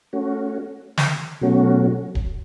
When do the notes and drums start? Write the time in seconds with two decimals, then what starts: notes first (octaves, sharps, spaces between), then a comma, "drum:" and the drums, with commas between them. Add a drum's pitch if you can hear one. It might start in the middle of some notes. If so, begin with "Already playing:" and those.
0.13 A3 C#4 F#4
0.98 drum: snare
1.41 B2 F#3 A3 C#4 F#4
2.15 drum: kick D1